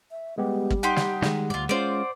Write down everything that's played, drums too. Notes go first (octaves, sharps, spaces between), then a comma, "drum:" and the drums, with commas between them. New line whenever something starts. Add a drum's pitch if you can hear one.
E5
G3 G#3 B3 G4
drum: kick
D#4 G4 F#5 C6
drum: snare
D#3 G#3, drum: snare
D2 G#2 F4 D5
G#3 C#4 F4 C5 D5